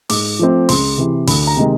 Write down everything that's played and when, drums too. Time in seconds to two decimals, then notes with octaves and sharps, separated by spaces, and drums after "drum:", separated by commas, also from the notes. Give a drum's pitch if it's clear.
0.09 G#2 D6, drum: open hi-hat
0.39 F3 A3 C4
0.69 C#2 C6, drum: open hi-hat
0.98 C3 E3
1.27 D2 B5, drum: open hi-hat
1.47 A#5
1.57 C3 D#3 G#3